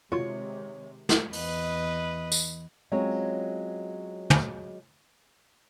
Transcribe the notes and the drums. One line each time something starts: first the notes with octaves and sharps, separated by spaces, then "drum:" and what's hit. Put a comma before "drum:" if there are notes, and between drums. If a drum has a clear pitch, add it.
C3 D#3 G#3 F4 F#4 C#5
drum: snare
E2 B4 D#5, drum: open hi-hat
drum: tambourine
F#3 G#3 C4 C#4 F4 C#5
drum: tom